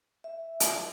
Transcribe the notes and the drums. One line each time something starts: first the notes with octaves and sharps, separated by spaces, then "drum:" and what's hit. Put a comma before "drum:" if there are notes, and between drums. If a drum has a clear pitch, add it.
E5
drum: hi-hat